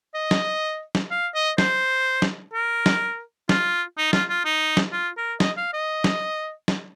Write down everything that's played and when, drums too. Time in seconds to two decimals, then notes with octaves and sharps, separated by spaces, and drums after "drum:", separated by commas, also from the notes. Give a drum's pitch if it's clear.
0.15 D#5
0.31 drum: snare
0.95 drum: snare
1.11 F5
1.34 D#5
1.58 C5, drum: snare
2.22 drum: snare
2.54 A#4
2.86 drum: snare
3.49 F4, drum: snare
3.98 D#4
4.13 F4, drum: snare
4.29 F4
4.45 D#4
4.77 drum: snare
4.92 F4
5.17 A#4
5.40 D#5, drum: snare
5.57 F5
5.73 D#5
6.04 drum: snare
6.68 drum: snare